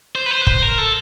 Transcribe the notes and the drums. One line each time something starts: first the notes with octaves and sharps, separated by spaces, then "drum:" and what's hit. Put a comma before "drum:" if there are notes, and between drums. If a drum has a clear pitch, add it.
C5
B4
C5
B4
C5, drum: kick
A#4
A4